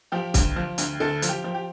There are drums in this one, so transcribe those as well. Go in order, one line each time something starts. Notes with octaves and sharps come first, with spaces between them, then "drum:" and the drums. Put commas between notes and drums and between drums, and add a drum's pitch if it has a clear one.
F3 G4
D2, drum: kick, hi-hat
F3
D2, drum: hi-hat
D2 A4
F3, drum: hi-hat
G4
F3
G4